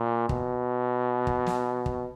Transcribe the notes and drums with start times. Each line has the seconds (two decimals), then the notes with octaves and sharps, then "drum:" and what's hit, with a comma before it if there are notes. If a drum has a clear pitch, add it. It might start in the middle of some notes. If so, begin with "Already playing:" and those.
Already playing: A#2
0.29 B2, drum: kick
1.27 drum: kick
1.46 drum: snare
1.86 drum: kick